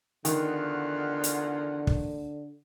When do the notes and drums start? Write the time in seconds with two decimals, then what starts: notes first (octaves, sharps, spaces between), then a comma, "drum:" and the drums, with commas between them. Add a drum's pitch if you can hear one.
0.25 E2 D3 D#3 F4 F#5, drum: hi-hat
1.24 drum: hi-hat
1.87 drum: kick